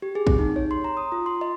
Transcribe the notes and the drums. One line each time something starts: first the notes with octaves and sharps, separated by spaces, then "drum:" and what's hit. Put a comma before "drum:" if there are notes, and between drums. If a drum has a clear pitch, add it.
G4
G#4
C4, drum: kick
D#4
C#5
C6
A#5
D#6
F4
C6
D#5